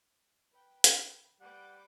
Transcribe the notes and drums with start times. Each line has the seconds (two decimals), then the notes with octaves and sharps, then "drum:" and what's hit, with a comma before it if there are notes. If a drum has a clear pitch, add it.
0.51 B4 G5
0.84 drum: hi-hat
1.40 G3 B4 F#5 G5 D6